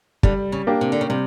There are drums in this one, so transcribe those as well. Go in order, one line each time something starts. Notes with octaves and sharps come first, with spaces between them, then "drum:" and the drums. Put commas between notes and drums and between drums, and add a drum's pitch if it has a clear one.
D3 G3, drum: kick
C#3
A#3 D4 G4
C3
D3
C#3
C3 G3